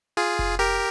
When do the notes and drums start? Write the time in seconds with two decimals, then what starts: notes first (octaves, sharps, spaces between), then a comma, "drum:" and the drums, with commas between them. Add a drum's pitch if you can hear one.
0.17 F4 G#4
0.39 drum: kick F1
0.59 G4 A#4